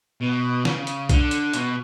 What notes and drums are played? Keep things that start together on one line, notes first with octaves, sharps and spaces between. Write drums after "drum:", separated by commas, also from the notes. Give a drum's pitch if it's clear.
B2
C#3, drum: snare
drum: hi-hat
D3, drum: kick B1, hi-hat
drum: hi-hat
B2, drum: hi-hat